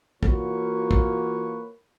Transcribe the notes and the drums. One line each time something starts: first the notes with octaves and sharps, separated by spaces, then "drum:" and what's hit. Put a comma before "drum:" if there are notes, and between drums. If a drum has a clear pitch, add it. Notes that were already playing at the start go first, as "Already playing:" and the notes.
E3 A#3 F4 F#4 B4 C#5, drum: kick
drum: kick